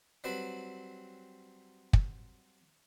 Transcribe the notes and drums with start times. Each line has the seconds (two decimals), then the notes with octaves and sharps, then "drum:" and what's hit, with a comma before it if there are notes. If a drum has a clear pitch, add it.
0.24 F#3 G3 C4 B4
1.93 drum: kick